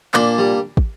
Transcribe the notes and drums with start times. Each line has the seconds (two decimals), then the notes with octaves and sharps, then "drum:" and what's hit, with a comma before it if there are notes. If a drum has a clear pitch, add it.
0.14 A#2 A#3 D4, drum: clap
0.38 G3
0.77 drum: kick